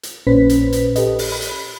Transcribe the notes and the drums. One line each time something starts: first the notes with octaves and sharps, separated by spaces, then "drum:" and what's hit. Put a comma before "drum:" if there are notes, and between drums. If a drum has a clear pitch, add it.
drum: hi-hat
A#1 A#2 C#4 B4 C5 B6
drum: hi-hat
drum: hi-hat
G4 A4 B4 D#5, drum: hi-hat
drum: open hi-hat
B5
drum: hi-hat